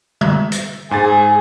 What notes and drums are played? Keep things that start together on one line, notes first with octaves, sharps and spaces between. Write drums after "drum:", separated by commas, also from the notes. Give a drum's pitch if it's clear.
E5, drum: tom D3
drum: hi-hat
G#2 G#4 G#5 A6